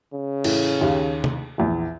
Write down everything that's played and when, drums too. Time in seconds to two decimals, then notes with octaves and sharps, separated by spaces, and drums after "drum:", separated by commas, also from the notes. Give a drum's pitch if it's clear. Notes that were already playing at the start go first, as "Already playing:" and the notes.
0.13 C#3
0.44 A2 E3, drum: cymbal
0.81 D#2 G4 F5
1.24 drum: tom
1.58 A#1 E2